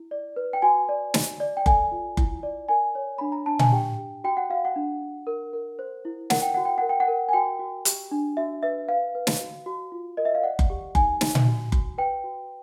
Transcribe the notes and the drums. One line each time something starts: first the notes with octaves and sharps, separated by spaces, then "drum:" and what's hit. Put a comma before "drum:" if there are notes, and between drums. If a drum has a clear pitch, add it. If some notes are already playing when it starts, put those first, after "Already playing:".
Already playing: E4
D5
B4
G5
F#4 G#5
D5
F#4, drum: snare
D5
G5
A4 G#5, drum: kick F#1
F4
E4, drum: kick F#1
D5
A#4 G#5
C#5
D4 B5
A#5
D4 A5
G#5, drum: tom A#2
G4 G5
G4
F#4 G5
F#5
F#4 F5
F#5
D4
D4
A#4
A#4
C5
E4
A#4 F#5, drum: snare
G5
F#4 F#5
G5
A#4 F#5
G5
F#5
A#4
G#5
F#4 G5
F#4
G4, drum: hi-hat
D4
F#4 E5
B4 E5
B4 F5
B4
drum: snare
F#4
F#4
F4
A#4 D#5
E5
F5
D5 F#5
drum: kick F#1
G4
D#4 G#5, drum: kick F#1
D#4, drum: snare
drum: tom A#2
F#4
F#4, drum: kick F#1
B4 G5
F#4